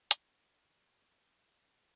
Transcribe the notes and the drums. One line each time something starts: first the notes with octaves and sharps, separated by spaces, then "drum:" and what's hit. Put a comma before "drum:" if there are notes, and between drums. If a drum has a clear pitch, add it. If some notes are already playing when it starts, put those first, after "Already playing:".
drum: hi-hat
D3 C#4 D4
C#4 D4 F#4 G4
F#5 A5 C6 E6 F#6 G6